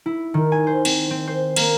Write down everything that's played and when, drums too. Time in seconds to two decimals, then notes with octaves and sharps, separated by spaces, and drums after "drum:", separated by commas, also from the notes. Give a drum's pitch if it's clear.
0.06 E4
0.34 D#3
0.52 G#5
0.67 C5
0.85 C4, drum: cymbal
1.11 C4
1.27 C5
1.56 A#3, drum: cymbal